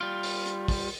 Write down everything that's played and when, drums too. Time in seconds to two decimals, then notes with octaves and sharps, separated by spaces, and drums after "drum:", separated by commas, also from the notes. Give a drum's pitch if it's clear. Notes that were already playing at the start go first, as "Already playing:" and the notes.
0.01 G3 F4
0.23 drum: open hi-hat
0.46 drum: hi-hat
0.68 drum: kick, open hi-hat